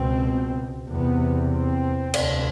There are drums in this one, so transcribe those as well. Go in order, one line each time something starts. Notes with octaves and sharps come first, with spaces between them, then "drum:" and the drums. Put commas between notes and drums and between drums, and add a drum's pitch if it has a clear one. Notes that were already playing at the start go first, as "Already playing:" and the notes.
Already playing: C#2 B2 C4
E2 C3 B3
C4
D2 C3, drum: cymbal